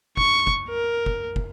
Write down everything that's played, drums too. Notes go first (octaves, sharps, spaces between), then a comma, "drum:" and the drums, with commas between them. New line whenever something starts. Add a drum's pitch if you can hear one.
C#6, drum: kick
drum: kick
A#4
drum: kick
drum: kick